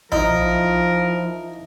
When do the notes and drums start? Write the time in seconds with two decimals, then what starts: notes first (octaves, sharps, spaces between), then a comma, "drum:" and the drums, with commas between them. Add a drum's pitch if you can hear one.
0.12 F3 D#4 E4 A#4, drum: tom B1